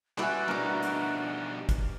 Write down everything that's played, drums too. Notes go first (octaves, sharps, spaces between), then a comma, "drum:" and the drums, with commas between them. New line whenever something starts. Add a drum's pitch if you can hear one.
G3 C#4 E4 F#4 B4 E5 G#5, drum: clap
B2 G3 D4 D#4 A#4 D6
drum: hi-hat
drum: kick, hi-hat